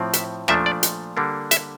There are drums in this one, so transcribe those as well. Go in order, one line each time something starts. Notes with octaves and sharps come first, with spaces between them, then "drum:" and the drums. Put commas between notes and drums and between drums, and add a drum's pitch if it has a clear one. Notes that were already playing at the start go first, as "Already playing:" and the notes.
Already playing: A2 F3 C4
E5, drum: hi-hat
A#2 F3 A3 D4 E5, drum: rim click
D5
drum: hi-hat
D3 G3 A#3 D4
E5, drum: hi-hat